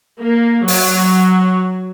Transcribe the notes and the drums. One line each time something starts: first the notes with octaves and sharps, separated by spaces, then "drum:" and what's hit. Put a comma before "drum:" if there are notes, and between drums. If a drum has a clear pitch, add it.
A#3
F#3, drum: open hi-hat